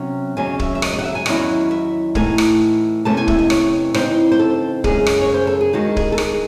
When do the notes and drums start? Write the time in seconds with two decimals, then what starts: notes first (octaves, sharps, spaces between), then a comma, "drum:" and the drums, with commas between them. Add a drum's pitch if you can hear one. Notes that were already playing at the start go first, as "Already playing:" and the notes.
Already playing: C3 F#3 C#4
0.37 D#2 C#3 F#3 C#4 G#5
0.60 E5, drum: kick
0.75 E5
0.82 D#5, drum: rim click
0.93 D#5
0.99 F#5
1.04 E5
1.15 G#5
1.26 E2 D#3 F#3 C#4 E4 F#5, drum: rim click
1.71 E5
2.15 A2 E3 A3 D#4 G#5, drum: kick
2.38 drum: rim click
3.05 E2 C3 E3 A3 C#4 A5
3.17 G#5
3.28 E5, drum: kick
3.39 D#5
3.50 C#5, drum: rim click
3.94 C#3 E3 C4 D#4 C5, drum: rim click
4.31 C5
4.39 A4
4.84 F#2 C#3 G#3 C#4 G#4, drum: kick
5.07 drum: rim click
5.21 C#5
5.34 C5
5.47 A4
5.61 G#4
5.73 D#2 D#3 G#3 D#4 F#4
5.97 G#4, drum: kick
6.12 A4
6.18 G#4, drum: rim click